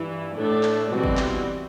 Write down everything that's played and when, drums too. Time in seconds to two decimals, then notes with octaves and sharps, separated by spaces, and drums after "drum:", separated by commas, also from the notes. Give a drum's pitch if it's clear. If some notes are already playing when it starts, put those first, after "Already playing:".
Already playing: G2 E3 E4
0.36 A2 A3 D4 A4
0.63 drum: clap
0.90 B2 E3 G3 C4 F#4
1.04 drum: kick G1
1.17 drum: clap